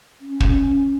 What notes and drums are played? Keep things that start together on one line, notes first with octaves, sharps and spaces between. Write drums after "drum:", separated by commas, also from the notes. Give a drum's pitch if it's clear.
C#4
drum: kick